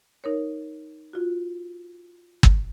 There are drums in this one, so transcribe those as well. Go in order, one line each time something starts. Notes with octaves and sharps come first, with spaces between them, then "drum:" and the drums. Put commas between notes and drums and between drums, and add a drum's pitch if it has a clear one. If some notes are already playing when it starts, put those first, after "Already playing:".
D#4 A#4 C#5
F4 F#4
drum: kick G1